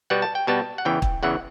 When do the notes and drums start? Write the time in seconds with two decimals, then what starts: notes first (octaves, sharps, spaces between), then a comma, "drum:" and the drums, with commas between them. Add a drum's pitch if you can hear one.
0.10 B2 G3 B3 F#5
0.22 A5
0.35 G5
0.47 B2 G3 B3 A5
0.78 F#5
0.85 E2 C#3 E3 G5
1.02 drum: kick
1.23 E2 C#3 E3 F#5